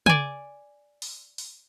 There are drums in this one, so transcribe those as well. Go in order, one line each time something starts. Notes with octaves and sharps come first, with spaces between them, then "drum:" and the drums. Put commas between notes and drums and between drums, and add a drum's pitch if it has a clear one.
D5 G#5, drum: tom
drum: open hi-hat
drum: open hi-hat